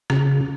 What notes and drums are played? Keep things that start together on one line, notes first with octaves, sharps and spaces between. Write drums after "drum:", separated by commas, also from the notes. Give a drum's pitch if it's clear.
C#3, drum: rim click